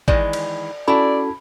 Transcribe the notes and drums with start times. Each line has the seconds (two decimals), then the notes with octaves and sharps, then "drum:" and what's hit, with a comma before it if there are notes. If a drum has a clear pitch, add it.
0.08 D#3 E3 G#3 D5, drum: kick
0.33 drum: cymbal
0.88 C#4 E4 F#4 A4 D5 A5 B5